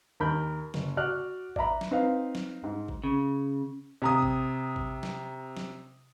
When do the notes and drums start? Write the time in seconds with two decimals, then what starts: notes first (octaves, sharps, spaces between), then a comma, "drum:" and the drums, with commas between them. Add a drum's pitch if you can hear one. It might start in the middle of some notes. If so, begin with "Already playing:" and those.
0.20 D#2 A#4 B5 G6
0.74 F#1, drum: snare
0.97 F#4 D5 F6 F#6
1.56 D5 E5 A#5 B5, drum: kick G#1
1.81 drum: snare
1.91 C4 D#4 B4 F5
2.35 drum: snare
2.64 G#2
2.88 drum: kick G#1
3.04 C#3
4.02 C3 A#5 D#6
4.22 drum: kick G#1
4.76 drum: kick G#1
5.03 drum: snare
5.57 drum: snare